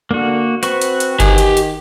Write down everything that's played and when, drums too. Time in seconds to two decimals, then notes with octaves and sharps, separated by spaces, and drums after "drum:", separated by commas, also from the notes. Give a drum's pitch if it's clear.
0.11 D3 A#3 F#4
0.63 C4 F#4 B4 C#6, drum: hi-hat
0.82 drum: hi-hat
1.00 drum: hi-hat
1.20 D#3 G4 G#5, drum: kick G1, hi-hat
1.38 drum: hi-hat
1.57 drum: hi-hat